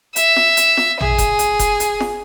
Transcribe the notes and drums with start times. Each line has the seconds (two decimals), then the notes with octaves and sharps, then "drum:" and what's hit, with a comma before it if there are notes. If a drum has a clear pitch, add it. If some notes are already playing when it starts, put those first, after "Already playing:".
0.16 E5, drum: hi-hat
0.36 drum: snare
0.57 drum: hi-hat
0.77 drum: snare
1.01 G#4, drum: tom
1.18 drum: kick F1, hi-hat
1.39 drum: hi-hat
1.59 drum: kick F1, hi-hat
1.80 drum: hi-hat
2.00 drum: snare